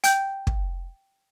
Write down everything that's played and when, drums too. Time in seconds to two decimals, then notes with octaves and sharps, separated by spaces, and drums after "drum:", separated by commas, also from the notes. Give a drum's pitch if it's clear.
0.04 G5 G6, drum: hi-hat
0.47 drum: kick